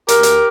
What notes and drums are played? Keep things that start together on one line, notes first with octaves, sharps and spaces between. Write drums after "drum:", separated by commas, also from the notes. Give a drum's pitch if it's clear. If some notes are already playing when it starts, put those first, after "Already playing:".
D2 G4 A#4, drum: hi-hat
drum: hi-hat